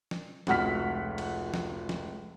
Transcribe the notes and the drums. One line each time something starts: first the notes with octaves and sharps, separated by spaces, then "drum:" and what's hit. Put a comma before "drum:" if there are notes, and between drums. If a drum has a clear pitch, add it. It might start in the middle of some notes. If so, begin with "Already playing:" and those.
drum: snare
F1 C#2 F#4 F#5 F6 B6, drum: snare
drum: cymbal
drum: snare
drum: snare